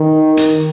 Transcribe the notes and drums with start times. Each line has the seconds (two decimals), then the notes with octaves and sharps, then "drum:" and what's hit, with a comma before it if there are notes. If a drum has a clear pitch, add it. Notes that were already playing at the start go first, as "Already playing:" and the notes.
Already playing: D#3
0.37 drum: hi-hat